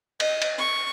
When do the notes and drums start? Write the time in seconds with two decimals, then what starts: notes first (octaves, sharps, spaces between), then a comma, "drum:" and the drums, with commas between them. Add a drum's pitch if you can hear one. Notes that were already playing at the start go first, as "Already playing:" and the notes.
0.20 D#5, drum: cymbal
0.42 drum: cymbal
0.58 C#6